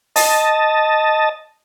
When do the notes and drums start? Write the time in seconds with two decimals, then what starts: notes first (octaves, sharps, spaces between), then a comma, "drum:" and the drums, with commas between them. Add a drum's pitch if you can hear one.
0.16 D#5 A5, drum: open hi-hat